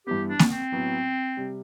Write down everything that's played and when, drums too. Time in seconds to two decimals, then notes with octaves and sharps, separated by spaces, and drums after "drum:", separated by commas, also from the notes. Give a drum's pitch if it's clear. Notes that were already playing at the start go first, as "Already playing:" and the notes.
0.07 G2 E3 G3 B3 G4
0.28 D4
0.39 drum: snare A#3
0.50 C4
0.72 A2 F#3 B3
1.37 C3 G3